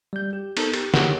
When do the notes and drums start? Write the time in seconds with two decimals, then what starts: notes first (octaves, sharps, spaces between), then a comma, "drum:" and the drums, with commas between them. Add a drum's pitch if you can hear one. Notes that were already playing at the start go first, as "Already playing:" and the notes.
0.13 G3 G6
0.33 G4
0.57 B3 D#4 A4 A#4 C5, drum: cymbal
0.73 G4, drum: cymbal
0.94 G4 G#4 A#4 C#5 D#5 F#5, drum: snare